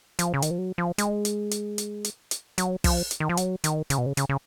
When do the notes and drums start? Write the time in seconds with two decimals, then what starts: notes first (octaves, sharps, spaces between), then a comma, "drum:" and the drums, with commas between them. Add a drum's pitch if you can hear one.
0.19 F3, drum: hi-hat
0.34 C#3
0.42 D#3, drum: hi-hat
0.50 F3
0.58 F#3
0.78 F3
0.98 G#3, drum: hi-hat
1.25 drum: hi-hat
1.51 drum: hi-hat
1.78 drum: hi-hat
2.04 drum: hi-hat
2.31 drum: hi-hat
2.58 F#3, drum: hi-hat
2.84 F3, drum: kick, open hi-hat
3.11 drum: hi-hat
3.20 D#3
3.29 F3
3.37 F#3, drum: hi-hat
3.64 D#3, drum: hi-hat
3.90 C#3, drum: hi-hat
3.98 B2
4.06 C#3
4.17 C#3, drum: hi-hat
4.29 C#3